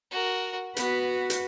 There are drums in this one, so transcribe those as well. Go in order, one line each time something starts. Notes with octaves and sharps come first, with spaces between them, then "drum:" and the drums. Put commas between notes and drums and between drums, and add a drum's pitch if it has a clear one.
F#4 A#4
B3 F#4 B4, drum: hi-hat
drum: hi-hat